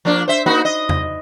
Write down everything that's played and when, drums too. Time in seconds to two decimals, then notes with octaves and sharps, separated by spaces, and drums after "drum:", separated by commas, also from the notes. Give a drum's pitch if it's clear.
0.05 F3 A#3 D4
0.28 C5 E5
0.46 A#3 D#4 F#4
0.65 D#5
0.89 drum: tom E2